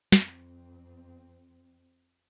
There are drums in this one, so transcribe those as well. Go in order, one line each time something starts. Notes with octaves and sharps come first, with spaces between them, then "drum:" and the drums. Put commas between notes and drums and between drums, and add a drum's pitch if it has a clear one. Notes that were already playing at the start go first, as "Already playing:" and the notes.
F2 C4, drum: snare